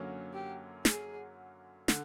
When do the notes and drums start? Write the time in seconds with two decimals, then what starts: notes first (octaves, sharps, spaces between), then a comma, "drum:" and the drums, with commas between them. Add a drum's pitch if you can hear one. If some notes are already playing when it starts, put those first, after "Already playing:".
Already playing: F#2 D3 F#3 A#3 C#4
0.33 G4
0.85 G#4, drum: snare
1.88 D3, drum: snare